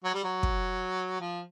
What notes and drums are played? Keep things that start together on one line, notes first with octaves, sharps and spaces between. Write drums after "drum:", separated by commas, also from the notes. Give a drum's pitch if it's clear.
F#3
G3
F#3
drum: kick
F3